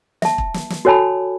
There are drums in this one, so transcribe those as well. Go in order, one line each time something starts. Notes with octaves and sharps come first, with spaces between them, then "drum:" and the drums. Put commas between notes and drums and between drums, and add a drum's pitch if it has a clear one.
E5 A5, drum: snare
drum: kick
drum: snare
drum: snare
F#4 A4 C#5 G#5 A5 B5